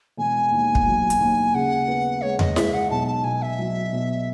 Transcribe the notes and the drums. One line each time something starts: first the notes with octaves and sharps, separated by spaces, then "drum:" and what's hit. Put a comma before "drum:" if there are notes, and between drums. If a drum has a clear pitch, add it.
E1 G#5
D#2
drum: kick
F#3
drum: hi-hat
D#2
C#3 F#5
B3
G#3 C#5
D#5, drum: tom E2
G#3 E5, drum: snare E4
F#5
B1 A5
A5
B2 G#5
E5
F#3
B2